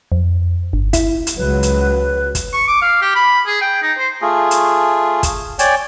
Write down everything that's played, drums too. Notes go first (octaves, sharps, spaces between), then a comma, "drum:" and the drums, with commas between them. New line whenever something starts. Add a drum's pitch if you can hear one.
F2
G1
E4, drum: kick, hi-hat
drum: hi-hat
C#2 F#3 B4
drum: hi-hat
drum: kick, hi-hat
C#6
D6
F5
G4
B5
G#4
G5
D#4
C5
A3 F4 G#4
drum: hi-hat
drum: kick, hi-hat
C#5 D5 G5 G#5, drum: hi-hat